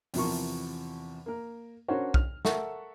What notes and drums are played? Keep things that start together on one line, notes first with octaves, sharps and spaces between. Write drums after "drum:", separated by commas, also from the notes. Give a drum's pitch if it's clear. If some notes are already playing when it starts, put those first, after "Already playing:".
E2 C3 E3 F3 A#4 C#6, drum: open hi-hat
A#3 A#4
C#4 D4 F#4 A#4 C5 C#5
F6, drum: kick B1
A4 A#4 E5 F#5 C#6, drum: snare